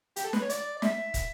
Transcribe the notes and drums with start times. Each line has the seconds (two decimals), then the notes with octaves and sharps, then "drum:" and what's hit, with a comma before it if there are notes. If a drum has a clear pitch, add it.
0.16 G4, drum: hi-hat
0.24 A4
0.33 B4, drum: snare
0.42 C#5
0.49 D5, drum: hi-hat
0.77 D5
0.82 E5, drum: snare
1.14 drum: kick, hi-hat